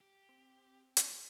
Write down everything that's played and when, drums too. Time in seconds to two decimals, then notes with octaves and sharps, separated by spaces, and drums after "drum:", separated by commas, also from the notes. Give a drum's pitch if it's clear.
0.01 G4
0.29 C4
0.97 drum: hi-hat